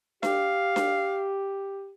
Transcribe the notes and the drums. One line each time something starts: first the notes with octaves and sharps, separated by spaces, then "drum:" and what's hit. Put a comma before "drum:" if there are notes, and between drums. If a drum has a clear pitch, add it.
G4 F5, drum: snare D4
drum: snare D4